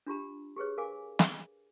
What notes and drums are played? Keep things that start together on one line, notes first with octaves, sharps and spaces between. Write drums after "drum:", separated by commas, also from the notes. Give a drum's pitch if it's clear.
D4 F4 G4 A#5
G4 G#4 B4 C#5
A#4 F5 G#5 D6
drum: snare